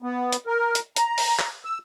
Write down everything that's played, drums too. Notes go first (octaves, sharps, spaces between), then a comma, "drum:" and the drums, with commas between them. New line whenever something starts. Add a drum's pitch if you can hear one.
B3
drum: hi-hat
A#4
drum: hi-hat
A#5, drum: hi-hat
drum: open hi-hat
drum: clap
E6